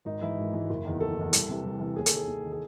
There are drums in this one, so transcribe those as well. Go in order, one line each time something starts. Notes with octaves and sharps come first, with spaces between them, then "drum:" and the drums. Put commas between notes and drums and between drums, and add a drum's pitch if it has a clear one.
G#1 D#4
G#2 E3 E4
G#1
G#2 E3
F#1
E2 D#3
F#1 A4
E2 D#3
C2, drum: hi-hat
C3 E3
C2
C3 E3
D#2 G#4
A4, drum: hi-hat
D#3 G#4
D#2
D#3
G#4